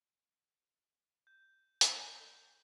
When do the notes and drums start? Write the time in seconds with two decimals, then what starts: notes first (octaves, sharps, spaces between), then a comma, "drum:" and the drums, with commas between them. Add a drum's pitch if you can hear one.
1.27 G6
1.81 drum: hi-hat